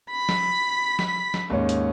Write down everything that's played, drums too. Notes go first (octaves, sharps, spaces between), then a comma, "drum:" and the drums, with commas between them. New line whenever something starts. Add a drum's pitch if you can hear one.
B5 B6
drum: snare
drum: snare
drum: snare
D#2 G#2 C#4
drum: hi-hat